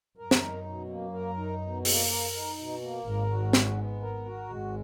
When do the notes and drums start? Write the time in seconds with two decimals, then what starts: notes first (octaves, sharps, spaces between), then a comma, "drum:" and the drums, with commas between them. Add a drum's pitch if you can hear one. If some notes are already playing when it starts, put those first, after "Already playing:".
0.17 F#2 A#4
0.31 drum: snare
0.41 D#4
0.65 B2
0.90 A#3
1.13 A#4
1.37 D#4
1.61 B2
1.85 A#3, drum: open hi-hat
2.10 A#4
2.34 D#4
2.58 B2
2.81 A#3
3.05 G#1 G#2 A#4
3.30 F#4
3.53 G#3, drum: snare
3.78 B3
4.01 A#4
4.25 F#4
4.49 G#1 G#2 G#3